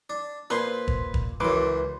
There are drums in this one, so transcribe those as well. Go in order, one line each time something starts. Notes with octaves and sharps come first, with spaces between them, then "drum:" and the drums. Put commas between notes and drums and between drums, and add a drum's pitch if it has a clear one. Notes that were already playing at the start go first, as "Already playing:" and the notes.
D4
A#2 B4 C5 G#5 C6
drum: kick
drum: kick
C#2 F#2 E3 B4 C6 D6